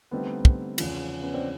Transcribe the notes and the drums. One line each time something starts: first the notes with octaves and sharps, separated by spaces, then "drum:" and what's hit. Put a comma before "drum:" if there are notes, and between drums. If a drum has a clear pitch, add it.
D3 G3 A3 B3 C4 D#4
drum: kick
E2 C#3 F3, drum: cymbal
B3 C#4
C4 D4